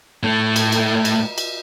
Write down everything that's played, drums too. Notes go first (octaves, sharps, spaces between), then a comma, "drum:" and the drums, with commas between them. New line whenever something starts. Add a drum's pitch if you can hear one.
A2 A3
drum: cymbal
drum: cymbal
drum: cymbal
drum: cymbal